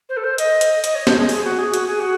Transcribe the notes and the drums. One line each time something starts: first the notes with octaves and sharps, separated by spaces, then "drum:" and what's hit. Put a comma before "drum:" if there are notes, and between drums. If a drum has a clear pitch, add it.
C5
A4
C5
D#5, drum: hi-hat
drum: hi-hat
D#5, drum: hi-hat
C#5
C5, drum: snare
G#4
G#4, drum: open hi-hat
F#4
G#4
F#4, drum: hi-hat
G#4
F#4